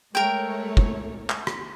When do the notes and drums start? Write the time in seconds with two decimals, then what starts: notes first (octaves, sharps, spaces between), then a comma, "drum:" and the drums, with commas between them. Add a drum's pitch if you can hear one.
0.15 G#3 A3 A#4 C#5 G5
0.77 drum: kick
1.30 drum: clap
1.47 drum: rim click